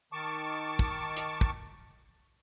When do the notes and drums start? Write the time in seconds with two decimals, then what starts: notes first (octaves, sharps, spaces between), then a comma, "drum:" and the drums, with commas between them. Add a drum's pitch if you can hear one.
0.13 D#3 A5 C#6 D6
0.79 drum: kick
1.17 drum: hi-hat
1.41 drum: kick